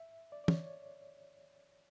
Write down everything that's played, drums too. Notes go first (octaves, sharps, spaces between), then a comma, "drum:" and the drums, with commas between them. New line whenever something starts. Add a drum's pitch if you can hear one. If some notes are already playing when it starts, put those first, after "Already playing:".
Already playing: E5
D5
D5
C#5, drum: tom